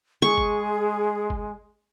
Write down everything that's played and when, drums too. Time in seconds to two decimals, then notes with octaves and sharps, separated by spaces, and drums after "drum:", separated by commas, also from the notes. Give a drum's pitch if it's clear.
0.22 G#3 G#4 C#6
0.38 drum: kick G1
1.30 drum: kick G1